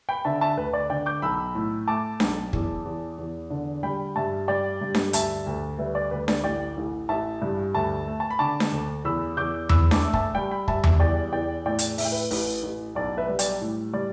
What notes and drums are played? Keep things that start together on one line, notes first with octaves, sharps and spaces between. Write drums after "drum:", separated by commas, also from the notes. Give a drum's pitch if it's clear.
G5 B5
D3 E5 A5
E5 A5
D2 B4
D5
D3 D5 G5
D6 G6
B1 B5 E6
A2
A3 A5 D6
B1, drum: snare D4
E2, drum: kick
E2
E2
D3
G3 G5 B5
G2 E5 A5
G3 D5 G5
G2
drum: snare D4
D2 E5 A5, drum: hi-hat
D2
G3 B4 E5
D5
D2 B4
D5, drum: snare D4
A1 D5 G5
A1
A1 E5 A5
G2
D2 E5 A5
A3
A5
B5
D3 A5 D6
drum: snare D4
D2
E2 B5 E6
E2 D6 G6
E2 B5 E6, drum: tom E2
A5 D6, drum: snare D4
A3
E5 A5, drum: kick
G3 G5 B5
G5 B5
G3 E5 A5, drum: kick
E5 A5, drum: tom E2
E2 D5 G5
E2 D5 G5
A2 D5 G5
drum: hi-hat
A2 E5, drum: open hi-hat
G5
B4 E5
A1 B4, drum: open hi-hat
A1
B1 D5
B4 E5
G3
D5 G5, drum: hi-hat
A2
G3 D5